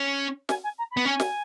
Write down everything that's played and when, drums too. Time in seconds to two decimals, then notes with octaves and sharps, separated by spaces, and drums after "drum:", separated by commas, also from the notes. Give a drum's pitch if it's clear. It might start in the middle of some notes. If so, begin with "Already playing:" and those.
Already playing: C#4
0.49 G#5, drum: snare
0.64 G#5
0.78 A#5
0.91 B5
0.97 B3
1.05 C#4 G#5
1.20 drum: snare